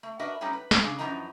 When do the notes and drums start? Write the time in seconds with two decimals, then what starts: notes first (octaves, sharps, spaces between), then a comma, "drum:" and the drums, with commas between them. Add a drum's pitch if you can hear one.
0.03 A3
0.19 D4 F#4 A#4 B4 D#5 E5
0.41 F#3 G3 A3 C#4 D#4 G4
0.53 B4
0.71 drum: snare
0.83 C#3 D4 G#4
0.98 F#2 A#2 E3 F3 D#4 A#5